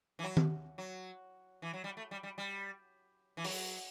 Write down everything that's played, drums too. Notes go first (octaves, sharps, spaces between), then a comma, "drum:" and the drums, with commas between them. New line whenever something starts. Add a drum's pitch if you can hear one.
E3
F#3
drum: tom D#3
F#3
E3
F#3
G3
A3
G3
G3
G3
E3
F#3, drum: open hi-hat